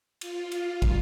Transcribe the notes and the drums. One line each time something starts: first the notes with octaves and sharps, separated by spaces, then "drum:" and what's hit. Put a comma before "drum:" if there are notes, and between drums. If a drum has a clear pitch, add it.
F4, drum: cymbal
drum: cymbal
drum: kick, cymbal